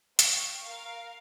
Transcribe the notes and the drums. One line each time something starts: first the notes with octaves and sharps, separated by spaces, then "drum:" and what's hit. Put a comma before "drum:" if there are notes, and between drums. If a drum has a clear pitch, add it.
F5 G5 C#6, drum: hi-hat
A#4 F5